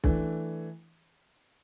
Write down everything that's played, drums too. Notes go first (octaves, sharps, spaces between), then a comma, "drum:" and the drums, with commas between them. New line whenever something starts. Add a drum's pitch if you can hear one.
E3 A3 D4, drum: kick B1